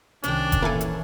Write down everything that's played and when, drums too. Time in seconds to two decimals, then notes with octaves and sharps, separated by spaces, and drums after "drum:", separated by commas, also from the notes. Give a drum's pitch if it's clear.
0.24 C2 D#3 C#4 D4 G5, drum: hi-hat
0.52 drum: kick F1, hi-hat
0.62 A#2 E3 A#3 C#4 E4 A4 G#5
0.81 drum: hi-hat